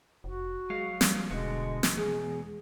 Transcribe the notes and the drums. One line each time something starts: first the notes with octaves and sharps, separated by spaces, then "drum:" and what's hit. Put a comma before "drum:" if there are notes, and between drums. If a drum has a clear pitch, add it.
F1 F#4
F#3 G#3 F5
G3, drum: snare
D#1 B2 D3 G#3 F#4
drum: snare
E2 B2 G#3 G#4